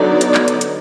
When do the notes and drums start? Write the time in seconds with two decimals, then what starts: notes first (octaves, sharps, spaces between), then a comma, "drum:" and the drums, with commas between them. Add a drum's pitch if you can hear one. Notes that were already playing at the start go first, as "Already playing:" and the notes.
Already playing: D3 F#3 B3 D#4 D5
0.21 drum: hi-hat
0.34 drum: clap
0.48 drum: hi-hat
0.61 drum: hi-hat